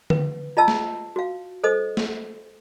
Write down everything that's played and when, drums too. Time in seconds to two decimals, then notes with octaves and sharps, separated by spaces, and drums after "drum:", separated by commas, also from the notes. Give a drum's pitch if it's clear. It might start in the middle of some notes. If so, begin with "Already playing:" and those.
0.10 B4, drum: tom D3
0.57 F4 D#5 A5 E6
0.68 drum: snare
1.16 F#4 F5
1.64 A4 C5 D#5 D#6
1.97 drum: snare